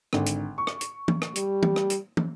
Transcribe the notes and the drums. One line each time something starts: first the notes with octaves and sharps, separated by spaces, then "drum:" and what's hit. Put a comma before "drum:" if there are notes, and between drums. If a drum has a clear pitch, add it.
G#1 D3, drum: rim click
drum: hi-hat
C#6
drum: rim click
drum: hi-hat
drum: tom
drum: rim click
G3, drum: hi-hat
drum: tom
drum: rim click
drum: hi-hat
drum: tom